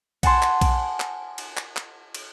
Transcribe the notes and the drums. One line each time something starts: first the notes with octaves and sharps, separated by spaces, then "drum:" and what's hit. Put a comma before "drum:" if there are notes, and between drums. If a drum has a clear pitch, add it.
F#5 G#5 A5 C6, drum: kick B1, cymbal
drum: clap
drum: kick B1, cymbal
drum: clap
drum: cymbal
drum: clap
drum: clap
drum: cymbal